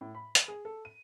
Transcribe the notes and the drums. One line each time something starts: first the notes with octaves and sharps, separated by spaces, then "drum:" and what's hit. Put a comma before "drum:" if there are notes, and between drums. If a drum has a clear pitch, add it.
A2
B5
drum: hi-hat
G#4
A4
D#7